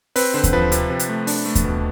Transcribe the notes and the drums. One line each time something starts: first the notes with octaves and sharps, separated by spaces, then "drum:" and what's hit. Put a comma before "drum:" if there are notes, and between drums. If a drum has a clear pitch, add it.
C4 B4, drum: open hi-hat
D3 C5
drum: kick D#2, hi-hat
F3 B4
C3, drum: hi-hat
C3
drum: hi-hat
A3
D4, drum: open hi-hat
A3
drum: kick D#2, hi-hat
B2